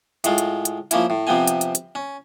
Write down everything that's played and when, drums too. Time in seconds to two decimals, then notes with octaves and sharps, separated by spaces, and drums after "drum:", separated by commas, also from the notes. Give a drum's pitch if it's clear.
0.24 A2 G#3 F4, drum: hi-hat
0.38 drum: hi-hat
0.65 drum: hi-hat
0.91 F3 A#3 C#4 E4, drum: hi-hat
1.10 A2
1.27 C3 F3 B3 C4 G#5
1.47 drum: hi-hat
1.61 drum: hi-hat
1.75 drum: hi-hat
1.95 C#4